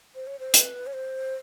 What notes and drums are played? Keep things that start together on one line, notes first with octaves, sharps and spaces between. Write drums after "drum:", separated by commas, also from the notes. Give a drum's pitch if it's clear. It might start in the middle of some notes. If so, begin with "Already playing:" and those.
C5
C#5
C5
B4, drum: hi-hat
C#5
C5